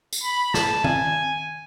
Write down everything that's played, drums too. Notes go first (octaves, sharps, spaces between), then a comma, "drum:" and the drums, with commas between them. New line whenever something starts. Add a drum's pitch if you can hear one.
drum: tambourine
B5
A5, drum: snare
G#5, drum: tom D#3